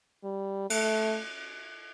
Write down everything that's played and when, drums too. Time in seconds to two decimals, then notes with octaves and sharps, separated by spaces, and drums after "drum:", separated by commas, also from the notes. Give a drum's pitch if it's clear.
0.24 G3
0.70 A3, drum: cymbal